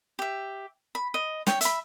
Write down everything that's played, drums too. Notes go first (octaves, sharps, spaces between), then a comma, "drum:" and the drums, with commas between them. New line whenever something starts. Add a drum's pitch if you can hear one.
G4 E5
B5
D#5
C#5 G5, drum: snare
E5 B5, drum: hi-hat